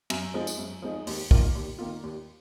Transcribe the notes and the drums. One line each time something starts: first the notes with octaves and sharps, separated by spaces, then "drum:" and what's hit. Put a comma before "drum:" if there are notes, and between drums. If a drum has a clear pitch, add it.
F#2, drum: cymbal
F3 G#3 D#4
drum: tambourine
F#2
F3 G#3 D#4
D#2, drum: open hi-hat
D#3 A#3 F4, drum: kick
D#2
D#3 A#3 F4
D#2